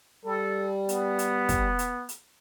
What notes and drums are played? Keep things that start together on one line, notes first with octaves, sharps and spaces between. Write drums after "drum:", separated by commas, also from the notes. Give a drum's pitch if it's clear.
G3 A4
B3, drum: hi-hat
drum: hi-hat
drum: kick, hi-hat
drum: hi-hat
drum: hi-hat